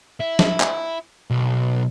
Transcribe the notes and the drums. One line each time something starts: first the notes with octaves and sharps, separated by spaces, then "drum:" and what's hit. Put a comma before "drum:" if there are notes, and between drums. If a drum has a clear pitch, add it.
E4
drum: snare
drum: clap
B1